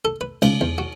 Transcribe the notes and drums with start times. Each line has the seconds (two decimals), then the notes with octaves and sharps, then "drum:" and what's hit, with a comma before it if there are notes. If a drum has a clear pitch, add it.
0.05 A4
0.21 B4
0.42 C#2, drum: cymbal
0.61 E2
0.78 F#4